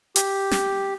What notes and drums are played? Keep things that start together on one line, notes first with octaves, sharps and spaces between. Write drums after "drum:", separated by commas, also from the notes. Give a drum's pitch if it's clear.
G4, drum: hi-hat
drum: snare